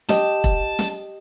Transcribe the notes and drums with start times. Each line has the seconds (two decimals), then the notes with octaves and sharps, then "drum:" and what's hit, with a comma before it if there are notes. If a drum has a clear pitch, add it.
0.09 G4 D#5 A5, drum: snare
0.44 drum: kick E1
0.79 drum: snare